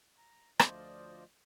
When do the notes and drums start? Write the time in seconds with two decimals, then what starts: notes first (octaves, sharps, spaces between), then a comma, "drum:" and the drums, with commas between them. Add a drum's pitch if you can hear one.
0.18 A#5
0.59 D2 F3 F4 C5 D5 D#5, drum: rim click